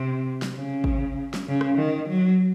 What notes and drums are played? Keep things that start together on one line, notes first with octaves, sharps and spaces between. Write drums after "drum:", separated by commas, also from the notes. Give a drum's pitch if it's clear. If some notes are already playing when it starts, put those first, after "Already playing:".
Already playing: C3
drum: snare
C#3
drum: kick G#1
drum: snare
C#3
drum: rim click
D#3
F#3